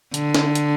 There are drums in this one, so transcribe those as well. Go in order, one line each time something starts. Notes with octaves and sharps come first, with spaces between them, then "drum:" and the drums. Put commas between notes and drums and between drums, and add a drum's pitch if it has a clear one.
D3, drum: hi-hat
drum: snare D4
drum: hi-hat